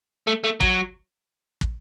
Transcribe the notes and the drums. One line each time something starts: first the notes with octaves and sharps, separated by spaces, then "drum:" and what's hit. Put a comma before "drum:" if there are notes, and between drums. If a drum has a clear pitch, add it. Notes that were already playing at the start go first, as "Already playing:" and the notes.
A3
A3
F#3, drum: kick
drum: kick